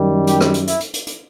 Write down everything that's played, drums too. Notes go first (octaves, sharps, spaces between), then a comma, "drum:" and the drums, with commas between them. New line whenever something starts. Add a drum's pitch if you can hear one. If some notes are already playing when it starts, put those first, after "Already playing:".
Already playing: F#2 D#3 G3
G4, drum: hi-hat
drum: rim click
drum: hi-hat
E4, drum: hi-hat
drum: hi-hat
drum: hi-hat
drum: hi-hat